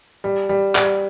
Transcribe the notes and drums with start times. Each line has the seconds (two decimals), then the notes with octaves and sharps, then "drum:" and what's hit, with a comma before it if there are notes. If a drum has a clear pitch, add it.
0.24 G3
0.49 G3
0.75 G3, drum: clap